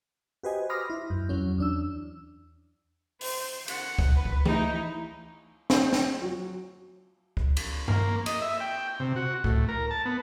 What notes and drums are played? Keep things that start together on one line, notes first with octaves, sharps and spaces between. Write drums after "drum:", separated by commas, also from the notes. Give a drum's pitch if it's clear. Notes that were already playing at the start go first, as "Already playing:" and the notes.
F#4 G4 B4 C5 D#5 G#5
B5 C6 D6 D#6 F6 A#6
E4
F#2
F2 F#3 C#4
E2 D4 E6
C5, drum: open hi-hat
F#5, drum: cymbal
drum: kick C#2
B4
drum: kick C#2
D#4 E4, drum: tom E3
drum: snare
drum: snare
F#3
drum: kick C#2
drum: cymbal
A#3, drum: tom G2
D#5, drum: cymbal
E5
G5
C3
F#4
A2, drum: kick C#2
A#4
A5
B3